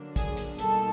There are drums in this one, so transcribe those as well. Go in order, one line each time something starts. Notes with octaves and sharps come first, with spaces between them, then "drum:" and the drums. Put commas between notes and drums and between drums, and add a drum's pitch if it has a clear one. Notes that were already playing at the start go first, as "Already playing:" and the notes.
Already playing: D3 F#3 A#3 D4
G#4, drum: kick, hi-hat
drum: hi-hat
B2 G3 A#3 D#4 A4, drum: hi-hat